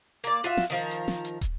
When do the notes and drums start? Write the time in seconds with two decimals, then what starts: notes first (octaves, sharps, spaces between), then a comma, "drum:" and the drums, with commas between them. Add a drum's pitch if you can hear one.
0.24 A#3 D5, drum: hi-hat
0.44 F4 F#4 E5
0.57 drum: snare
0.70 D#3 F3 A#4
0.91 drum: hi-hat
1.08 drum: snare
1.25 drum: hi-hat
1.41 drum: kick, hi-hat